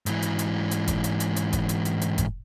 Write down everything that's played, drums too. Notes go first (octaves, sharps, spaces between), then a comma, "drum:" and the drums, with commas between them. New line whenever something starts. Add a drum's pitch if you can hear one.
G#2 E3, drum: hi-hat
drum: hi-hat
drum: hi-hat
drum: hi-hat
drum: kick F1, hi-hat
drum: hi-hat
drum: hi-hat
drum: hi-hat
drum: kick F1, hi-hat
drum: hi-hat
drum: hi-hat
drum: hi-hat
drum: kick F1, hi-hat